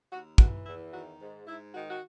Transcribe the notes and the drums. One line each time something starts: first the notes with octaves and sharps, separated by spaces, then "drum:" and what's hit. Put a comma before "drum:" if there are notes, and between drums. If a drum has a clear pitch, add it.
D#2 F#4
E3 F#4, drum: kick
E2 E4
D#3 F#4
G#2
G#2 E4
D#3 F#4
F#4